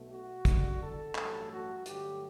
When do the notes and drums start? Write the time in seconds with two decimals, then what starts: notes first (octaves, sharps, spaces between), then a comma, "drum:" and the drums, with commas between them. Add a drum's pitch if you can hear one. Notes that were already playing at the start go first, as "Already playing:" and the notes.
Already playing: B1 B2 A3
0.10 F#4
0.45 E2 D3 G3, drum: kick, hi-hat
0.80 A4
1.15 A1 G2 F#3 A3, drum: clap
1.51 F#4
1.86 G2 D3 F#3 A3 G4, drum: hi-hat